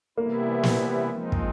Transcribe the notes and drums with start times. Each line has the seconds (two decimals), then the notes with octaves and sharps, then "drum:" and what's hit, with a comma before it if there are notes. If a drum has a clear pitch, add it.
0.17 C3 E3 G3 A#3 B3 E4
0.63 drum: snare
1.09 F3 G#3 C4 D#4
1.32 drum: kick